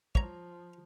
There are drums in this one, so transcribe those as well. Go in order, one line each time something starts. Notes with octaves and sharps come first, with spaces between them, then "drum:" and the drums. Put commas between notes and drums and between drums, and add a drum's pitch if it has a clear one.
F3 C#5 A#5, drum: kick